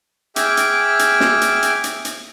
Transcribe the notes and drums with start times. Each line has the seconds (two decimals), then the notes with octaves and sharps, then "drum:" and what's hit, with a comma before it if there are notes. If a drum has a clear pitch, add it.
0.36 G#4 E5 G5 D6 F6, drum: hi-hat
0.57 drum: hi-hat
0.99 drum: hi-hat
1.20 drum: snare
1.41 drum: hi-hat
1.63 drum: hi-hat
1.84 drum: hi-hat
2.05 drum: hi-hat